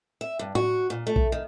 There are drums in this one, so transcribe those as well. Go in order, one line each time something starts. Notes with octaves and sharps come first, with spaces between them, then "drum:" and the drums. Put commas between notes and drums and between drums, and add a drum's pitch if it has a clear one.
E5
G2
F#4, drum: tom A2
A#2
A3
drum: kick
D#3